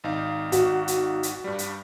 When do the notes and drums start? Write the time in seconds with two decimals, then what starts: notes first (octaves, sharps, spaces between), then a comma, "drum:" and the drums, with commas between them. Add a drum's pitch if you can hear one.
0.04 G#1 D#4 F5
0.52 F#4, drum: hi-hat
0.88 drum: hi-hat
1.23 drum: hi-hat
1.44 G2 G3
1.59 drum: hi-hat